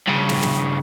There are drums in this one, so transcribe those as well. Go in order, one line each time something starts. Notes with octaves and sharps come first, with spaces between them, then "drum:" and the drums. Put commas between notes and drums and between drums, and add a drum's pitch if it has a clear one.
G2 C#3
drum: snare
drum: snare